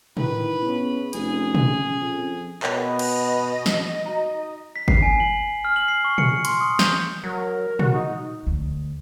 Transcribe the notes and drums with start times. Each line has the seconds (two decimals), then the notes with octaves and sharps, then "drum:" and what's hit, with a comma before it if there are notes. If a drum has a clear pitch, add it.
0.17 D#3 E4 B4, drum: tom A2
0.66 C#3 B3
1.13 F1 C#4 G#4, drum: hi-hat
1.55 drum: tom A#2
2.01 F2
2.63 B2 B3 A#4 C#5 D#5 G5, drum: clap
2.99 drum: cymbal
3.66 drum: snare
4.06 D#4 F#4 A#5
4.76 B6
4.88 C7, drum: kick G1
5.03 G#5
5.20 F#7
5.65 F6
5.76 F#7
5.88 C7
6.04 C#6
6.18 C#7, drum: tom A#2
6.45 C6, drum: hi-hat
6.61 D#6
6.79 G6, drum: snare
7.24 F#3 A#4
7.79 F#4, drum: tom A#2
7.93 D#4
8.47 D2